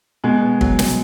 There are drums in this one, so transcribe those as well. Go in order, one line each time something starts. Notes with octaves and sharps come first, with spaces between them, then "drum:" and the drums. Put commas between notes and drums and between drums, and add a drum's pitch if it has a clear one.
B2 G#3
B3
F#3, drum: kick
drum: snare